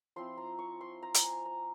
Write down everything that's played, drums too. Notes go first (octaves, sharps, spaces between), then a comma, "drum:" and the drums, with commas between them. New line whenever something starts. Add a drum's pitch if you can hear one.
F3 C4 E4 C6
A#5
C#6
C6
A#5
drum: hi-hat
G#5
A#5